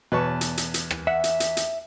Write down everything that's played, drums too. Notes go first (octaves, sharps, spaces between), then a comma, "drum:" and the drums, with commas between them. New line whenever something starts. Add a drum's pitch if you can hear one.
E2 B2 B4 C#5 A5 C#6
drum: hi-hat
drum: hi-hat
drum: hi-hat
drum: rim click
E5 F#5
drum: hi-hat
drum: hi-hat
drum: hi-hat